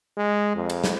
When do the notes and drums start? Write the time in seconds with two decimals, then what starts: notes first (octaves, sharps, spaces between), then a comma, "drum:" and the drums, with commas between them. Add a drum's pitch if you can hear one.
0.17 G#3
0.56 F2
0.70 drum: cymbal
0.84 drum: snare